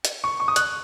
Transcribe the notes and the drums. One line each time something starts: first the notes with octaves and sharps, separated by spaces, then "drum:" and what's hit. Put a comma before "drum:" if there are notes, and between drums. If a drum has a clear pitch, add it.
drum: hi-hat
C#6
C#6
D#6
F#6, drum: hi-hat